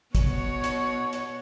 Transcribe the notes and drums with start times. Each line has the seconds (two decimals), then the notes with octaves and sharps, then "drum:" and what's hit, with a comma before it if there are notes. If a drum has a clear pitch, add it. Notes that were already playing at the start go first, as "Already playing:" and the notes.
0.15 B2 F#4 C#5, drum: kick, hi-hat
0.64 drum: hi-hat
1.13 drum: hi-hat